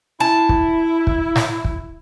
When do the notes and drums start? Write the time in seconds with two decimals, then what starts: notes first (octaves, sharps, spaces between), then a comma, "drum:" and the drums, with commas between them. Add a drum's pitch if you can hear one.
0.20 E4 A5
0.49 drum: kick
1.07 drum: kick
1.36 drum: snare
1.64 drum: kick